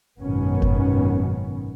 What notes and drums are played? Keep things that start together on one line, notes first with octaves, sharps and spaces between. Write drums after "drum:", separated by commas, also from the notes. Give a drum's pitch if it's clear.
G#1 F#2 B2 D#3 B3 C#4
drum: kick F#1